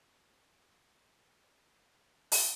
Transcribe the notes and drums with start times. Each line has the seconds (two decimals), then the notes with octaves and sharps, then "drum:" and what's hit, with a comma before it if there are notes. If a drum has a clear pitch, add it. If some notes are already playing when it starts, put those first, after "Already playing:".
0.15 B3
2.32 drum: open hi-hat